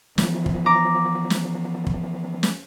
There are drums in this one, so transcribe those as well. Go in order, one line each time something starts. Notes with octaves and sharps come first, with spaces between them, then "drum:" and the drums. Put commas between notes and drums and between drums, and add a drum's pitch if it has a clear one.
E3 F3 B3, drum: snare
drum: kick
A#5 D6
drum: snare
drum: kick
drum: snare